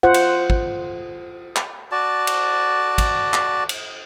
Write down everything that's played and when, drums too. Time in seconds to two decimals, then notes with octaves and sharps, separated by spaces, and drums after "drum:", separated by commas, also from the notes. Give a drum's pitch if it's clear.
0.03 F4 C5 F#5
0.14 drum: cymbal
0.50 drum: kick
1.56 drum: clap
1.92 F#4 D5 A5
2.27 drum: cymbal
2.98 drum: kick, cymbal
3.34 drum: clap
3.69 drum: cymbal